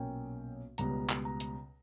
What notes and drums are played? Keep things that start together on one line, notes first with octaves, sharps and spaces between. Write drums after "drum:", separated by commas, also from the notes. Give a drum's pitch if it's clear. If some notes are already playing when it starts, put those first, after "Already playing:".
Already playing: B1 A#2 A#3 C#4 G5
C#2 B2 G3 B3 A#5, drum: hi-hat
drum: clap
A#5
drum: hi-hat